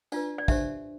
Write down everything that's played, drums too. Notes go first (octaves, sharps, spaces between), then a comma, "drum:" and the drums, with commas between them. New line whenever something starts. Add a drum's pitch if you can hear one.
D4 F4 B4 D5, drum: tambourine
D5
D4 G4 C5 E5, drum: kick, tambourine